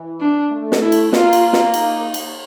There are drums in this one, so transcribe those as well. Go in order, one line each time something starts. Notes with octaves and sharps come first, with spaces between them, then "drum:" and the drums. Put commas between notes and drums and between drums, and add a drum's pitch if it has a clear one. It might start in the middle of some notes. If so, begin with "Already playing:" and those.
Already playing: E3
D4
A3
drum: snare
E4
drum: cymbal
A#3 F4, drum: snare
drum: cymbal
drum: snare
D#4, drum: cymbal
drum: cymbal